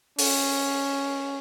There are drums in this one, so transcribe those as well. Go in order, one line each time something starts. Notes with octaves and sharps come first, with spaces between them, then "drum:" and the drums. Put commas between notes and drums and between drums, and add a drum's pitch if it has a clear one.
C#4, drum: open hi-hat